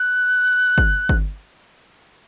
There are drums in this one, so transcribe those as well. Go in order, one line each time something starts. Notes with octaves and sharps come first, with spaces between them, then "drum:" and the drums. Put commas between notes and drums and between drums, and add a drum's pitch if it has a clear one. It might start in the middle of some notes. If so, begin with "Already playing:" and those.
Already playing: F#6
drum: kick G1
drum: kick G1